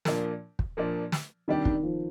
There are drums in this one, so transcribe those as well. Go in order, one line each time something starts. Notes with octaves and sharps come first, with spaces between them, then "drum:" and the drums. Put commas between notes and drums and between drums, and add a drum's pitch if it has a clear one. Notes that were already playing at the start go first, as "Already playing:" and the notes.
A#2 F3 A#3 D4, drum: snare
drum: kick
A#2 F3 A#3 D4
drum: snare
C3 D#3 G3 D4 G4
D#3, drum: kick
F3